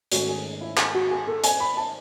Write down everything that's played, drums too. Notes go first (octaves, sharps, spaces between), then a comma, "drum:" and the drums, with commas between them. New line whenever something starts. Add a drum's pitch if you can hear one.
G#2 D#3 A3 C#4 F#4, drum: hi-hat
G#4
E4
G#4, drum: clap
F#4
G#4
A4
G#5, drum: hi-hat
B5
A5